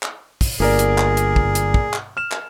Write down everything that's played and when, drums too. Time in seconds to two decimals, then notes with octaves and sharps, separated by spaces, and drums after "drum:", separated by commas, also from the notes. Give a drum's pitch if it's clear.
0.03 drum: clap
0.41 drum: kick, open hi-hat
0.60 G1 A#3 G#4 A#4 D5
0.79 drum: hi-hat
0.98 drum: clap
1.17 drum: hi-hat
1.36 drum: kick
1.55 drum: hi-hat
1.74 drum: kick
1.93 drum: clap
2.17 F6 E7
2.32 drum: clap